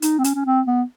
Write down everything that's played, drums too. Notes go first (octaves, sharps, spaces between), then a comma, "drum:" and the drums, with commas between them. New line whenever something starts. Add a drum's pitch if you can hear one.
D#4, drum: hi-hat
C4
C#4, drum: hi-hat
C#4
C4
B3